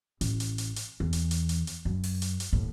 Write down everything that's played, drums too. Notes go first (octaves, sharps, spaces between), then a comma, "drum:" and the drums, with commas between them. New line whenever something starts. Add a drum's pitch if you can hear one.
A1, drum: hi-hat
drum: hi-hat
drum: hi-hat
drum: hi-hat
E2
drum: hi-hat
drum: hi-hat
drum: hi-hat
drum: hi-hat
F#2
drum: open hi-hat
drum: hi-hat
drum: hi-hat
D#2 A2